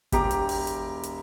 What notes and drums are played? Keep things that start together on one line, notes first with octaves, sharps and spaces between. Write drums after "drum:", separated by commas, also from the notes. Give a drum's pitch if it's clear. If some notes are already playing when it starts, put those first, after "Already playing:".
E1 G4 A#5 D6, drum: kick G1, hi-hat
drum: hi-hat
drum: open hi-hat
drum: hi-hat
drum: hi-hat